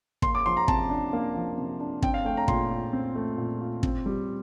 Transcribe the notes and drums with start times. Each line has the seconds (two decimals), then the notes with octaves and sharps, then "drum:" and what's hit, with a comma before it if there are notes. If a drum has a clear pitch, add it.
0.22 A#3 C6, drum: kick
0.35 D6
0.45 F3 C6
0.57 A#5
0.68 C3 A5, drum: kick
0.90 D4
1.13 A#3
1.35 F3
1.58 C3
1.80 D4
2.02 C4 G5, drum: kick
2.14 F5
2.25 A3 G5
2.37 A#5
2.48 A#2 C6, drum: kick
2.70 F4
2.93 C4
3.16 A3
3.38 A#2
3.61 F4
3.83 C4, drum: kick
4.06 G3